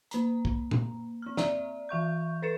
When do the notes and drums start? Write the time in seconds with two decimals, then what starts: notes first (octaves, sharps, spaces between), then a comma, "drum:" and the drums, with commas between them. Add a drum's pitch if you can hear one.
0.11 A#3 A#5, drum: hi-hat
0.45 drum: kick
0.71 drum: tom
1.22 C4 F6
1.37 D5 E5 A#5, drum: snare
1.89 E3 E5 C#6 G6
2.42 A4 B4 A6 C#7 E7